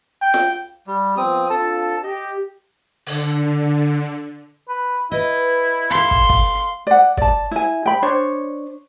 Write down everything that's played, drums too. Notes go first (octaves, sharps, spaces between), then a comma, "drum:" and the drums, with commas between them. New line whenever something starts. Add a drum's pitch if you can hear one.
G5
drum: snare F4
G3
F3 B3 C4 D#6
C4 D4 F4 A4 A5
G4 D#5
D3, drum: open hi-hat
B4
E4 B4 D#5
A4 F5 C6
drum: kick
F5, drum: kick
D5 F#5
D5 A5, drum: kick
E4 G#5
G5 B5
D4 C5 C#5